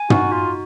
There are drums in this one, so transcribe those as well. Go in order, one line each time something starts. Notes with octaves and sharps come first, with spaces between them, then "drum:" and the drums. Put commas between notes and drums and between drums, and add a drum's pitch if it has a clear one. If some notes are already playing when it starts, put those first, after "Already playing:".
Already playing: G#5
D#4 F#4, drum: tom
F4 F#4